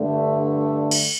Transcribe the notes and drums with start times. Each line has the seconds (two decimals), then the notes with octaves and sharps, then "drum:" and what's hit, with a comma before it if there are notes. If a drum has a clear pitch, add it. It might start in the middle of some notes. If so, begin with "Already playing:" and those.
Already playing: G2 D3 A3
0.91 drum: cymbal